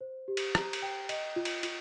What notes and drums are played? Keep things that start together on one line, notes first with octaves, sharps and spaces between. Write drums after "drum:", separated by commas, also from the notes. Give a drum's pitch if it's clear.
C5
G4
drum: cymbal
A#5, drum: rim click
drum: cymbal
G5
D#5, drum: cymbal
F4
drum: cymbal
F4, drum: cymbal